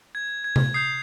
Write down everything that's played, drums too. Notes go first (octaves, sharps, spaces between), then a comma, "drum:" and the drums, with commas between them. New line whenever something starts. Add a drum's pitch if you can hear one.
G#6
G#6
drum: tom C3
D#6 G6 C7